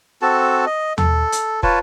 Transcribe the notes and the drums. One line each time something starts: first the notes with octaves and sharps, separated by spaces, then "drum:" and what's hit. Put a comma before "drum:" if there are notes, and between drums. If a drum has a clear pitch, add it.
C4 F#4 A4 A5
D#5
A4, drum: tom
drum: hi-hat
F4 B4 C#5 A5, drum: kick